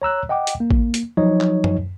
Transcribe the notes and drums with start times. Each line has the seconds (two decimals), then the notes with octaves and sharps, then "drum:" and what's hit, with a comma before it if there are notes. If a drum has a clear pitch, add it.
0.02 C#5 A#5 E6 F#6
0.29 D#5 F#5 G5 D6
0.47 drum: hi-hat
0.60 A#3
0.71 drum: kick A1
0.94 drum: hi-hat
1.17 F3 F#3 D#4 C#5 D#5
1.41 drum: clap
1.64 drum: tom F#2